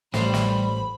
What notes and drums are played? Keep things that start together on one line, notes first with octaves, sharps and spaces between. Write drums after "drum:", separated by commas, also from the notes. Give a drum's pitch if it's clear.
A1 G3 C5 B5, drum: snare
drum: snare